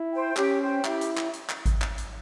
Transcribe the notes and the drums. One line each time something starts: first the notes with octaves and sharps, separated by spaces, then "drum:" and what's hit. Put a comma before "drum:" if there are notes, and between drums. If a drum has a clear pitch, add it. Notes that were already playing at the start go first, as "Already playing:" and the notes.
Already playing: E4
C5 G5
C#4 G4, drum: clap
C5 G5
E4 G4, drum: clap
drum: hi-hat
drum: clap
drum: hi-hat
drum: clap
drum: kick G#1, hi-hat
drum: clap
drum: hi-hat